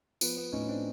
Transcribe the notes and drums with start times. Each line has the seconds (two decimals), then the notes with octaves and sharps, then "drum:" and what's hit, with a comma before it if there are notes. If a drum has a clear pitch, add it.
0.21 F3 B3, drum: tambourine
0.37 B3
0.52 A2 C#4 D#4
0.68 C4 D4